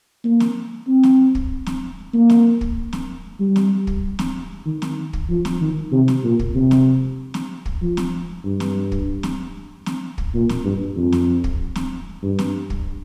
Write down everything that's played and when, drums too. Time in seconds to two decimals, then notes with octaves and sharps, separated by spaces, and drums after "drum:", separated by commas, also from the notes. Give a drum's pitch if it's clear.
0.24 A#3
0.40 drum: snare
0.88 C4
1.03 drum: snare
1.35 drum: kick
1.66 drum: snare
2.14 A#3
2.30 drum: snare
2.61 drum: kick
2.93 drum: snare
3.40 G3
3.56 drum: snare
3.87 drum: kick
4.19 drum: snare
4.65 D#3
4.82 drum: snare
5.13 drum: kick
5.29 F3
5.45 drum: snare
5.61 D#3
5.92 C3
6.08 drum: snare
6.24 A#2
6.39 drum: kick
6.55 C3
6.71 drum: snare
7.34 drum: snare
7.66 drum: kick
7.82 F3
7.97 drum: snare
8.45 G2
8.60 drum: snare
8.92 drum: kick
9.23 drum: snare
9.86 drum: snare
10.18 drum: kick
10.34 A#2
10.49 drum: snare
10.65 G2
10.97 F2
11.12 drum: snare
11.44 drum: kick
11.76 drum: snare
12.23 G2
12.39 drum: snare
12.70 drum: kick